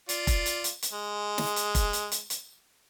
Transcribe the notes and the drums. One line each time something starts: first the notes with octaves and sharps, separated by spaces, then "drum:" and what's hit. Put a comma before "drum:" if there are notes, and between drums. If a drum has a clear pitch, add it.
F4 D5, drum: hi-hat
drum: kick F1, hi-hat
drum: hi-hat
drum: hi-hat
drum: hi-hat
G#3
drum: snare
drum: hi-hat
drum: kick F1, hi-hat
drum: hi-hat
drum: hi-hat
drum: hi-hat